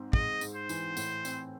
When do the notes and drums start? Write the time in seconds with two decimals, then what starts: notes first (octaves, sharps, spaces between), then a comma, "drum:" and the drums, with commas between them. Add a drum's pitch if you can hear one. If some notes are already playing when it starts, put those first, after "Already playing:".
Already playing: G#2 C4
0.13 G#3 D#5, drum: kick
0.41 G#2, drum: tambourine
0.55 C5
0.69 E3, drum: tambourine
0.97 A2, drum: tambourine
1.25 C4, drum: tambourine